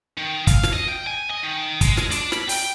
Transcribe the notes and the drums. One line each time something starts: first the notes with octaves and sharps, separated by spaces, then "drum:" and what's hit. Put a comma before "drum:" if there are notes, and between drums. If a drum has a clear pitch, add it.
D#3
F5, drum: kick, hi-hat
drum: snare
D#5
G5
G#5
D#5
D#3
G#3, drum: kick, hi-hat
drum: snare
D4, drum: hi-hat
B5, drum: snare
G5, drum: open hi-hat